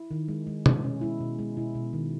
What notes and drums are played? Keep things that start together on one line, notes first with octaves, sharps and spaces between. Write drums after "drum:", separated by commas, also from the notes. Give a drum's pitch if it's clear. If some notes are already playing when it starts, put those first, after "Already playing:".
Already playing: E4
D#3
G#3
G#3
G#3, drum: tom C3
B2 C#4
G#3 E4
B2
G#3
B2 E4
B2
D#3